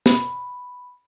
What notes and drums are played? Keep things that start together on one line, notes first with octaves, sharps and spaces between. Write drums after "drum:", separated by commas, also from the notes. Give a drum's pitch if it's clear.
B5, drum: snare